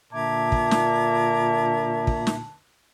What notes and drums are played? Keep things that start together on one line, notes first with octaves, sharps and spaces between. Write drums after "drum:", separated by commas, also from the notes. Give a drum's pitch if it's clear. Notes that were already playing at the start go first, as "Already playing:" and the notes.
A#2 D3 E5 A5 A#5 D6 G#6
drum: kick
drum: snare
drum: kick
drum: snare